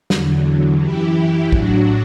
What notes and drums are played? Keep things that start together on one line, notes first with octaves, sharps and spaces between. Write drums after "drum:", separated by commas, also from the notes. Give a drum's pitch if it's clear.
E2 D3 F#3, drum: snare
F#2 E3 E4 G4
A2 F#3 D4 F#4, drum: kick